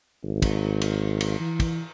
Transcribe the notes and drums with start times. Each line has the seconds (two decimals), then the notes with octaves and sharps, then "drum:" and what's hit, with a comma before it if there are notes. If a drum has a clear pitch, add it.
0.23 G#1
0.42 drum: kick, cymbal
0.81 drum: cymbal
1.21 drum: cymbal
1.40 E3
1.60 drum: kick, cymbal